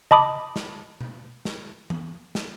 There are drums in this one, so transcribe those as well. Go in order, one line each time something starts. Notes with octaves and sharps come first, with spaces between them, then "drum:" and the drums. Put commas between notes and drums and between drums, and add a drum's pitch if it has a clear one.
D#5 A5 B5 D6 D#6, drum: tom C#3
drum: snare
drum: tom B2
drum: snare
drum: tom
drum: snare